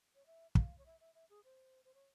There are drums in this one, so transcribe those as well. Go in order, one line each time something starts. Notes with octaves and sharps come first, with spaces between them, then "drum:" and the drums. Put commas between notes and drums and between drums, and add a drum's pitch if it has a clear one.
C#5
E5
F5, drum: kick
C#5
E5
E5
E5
G#4
C5
C5
C#5